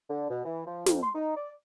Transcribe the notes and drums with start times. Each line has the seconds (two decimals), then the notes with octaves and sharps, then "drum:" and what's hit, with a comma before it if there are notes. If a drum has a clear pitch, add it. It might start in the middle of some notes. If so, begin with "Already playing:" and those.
0.10 D3
0.31 B2
0.45 E3
0.66 F3
0.86 F2, drum: snare
1.03 C6
1.15 D#4
1.37 D5